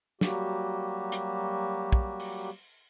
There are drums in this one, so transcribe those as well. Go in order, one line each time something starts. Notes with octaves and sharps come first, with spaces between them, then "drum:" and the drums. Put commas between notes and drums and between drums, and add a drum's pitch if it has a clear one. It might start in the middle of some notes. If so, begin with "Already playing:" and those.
F#3 G3 A#3 F#4 G4, drum: snare
drum: hi-hat
drum: kick
drum: open hi-hat